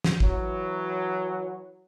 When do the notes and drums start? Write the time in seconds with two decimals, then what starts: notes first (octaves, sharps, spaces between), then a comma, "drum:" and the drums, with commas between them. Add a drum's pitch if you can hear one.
0.04 drum: snare
0.20 E3 F#3, drum: kick